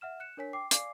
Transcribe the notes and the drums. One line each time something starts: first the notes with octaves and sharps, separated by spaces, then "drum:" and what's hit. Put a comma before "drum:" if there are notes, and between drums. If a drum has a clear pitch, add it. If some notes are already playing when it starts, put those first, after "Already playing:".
E5 F#5 F6 E7
F#6 C#7 E7
D4 A#4 C#5 G#5 B6
G5 D6 C7
D5 F5 G#5 D6 C7, drum: hi-hat